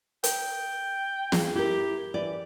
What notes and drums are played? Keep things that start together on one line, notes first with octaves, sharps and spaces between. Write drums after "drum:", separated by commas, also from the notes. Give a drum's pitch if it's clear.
G5, drum: hi-hat
G#4, drum: snare
E4 G4 A#4
E3 D5